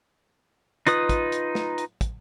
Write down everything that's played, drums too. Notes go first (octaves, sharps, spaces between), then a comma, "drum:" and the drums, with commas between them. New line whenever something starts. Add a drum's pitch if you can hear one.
D#4 F4 B4 D#6, drum: hi-hat
drum: kick, hi-hat
drum: hi-hat
drum: snare
drum: hi-hat
drum: kick, hi-hat